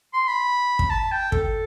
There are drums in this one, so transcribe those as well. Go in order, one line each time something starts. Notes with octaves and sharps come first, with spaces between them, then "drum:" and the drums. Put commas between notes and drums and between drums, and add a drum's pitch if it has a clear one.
C6
B5
drum: kick
A5
G5
A4, drum: kick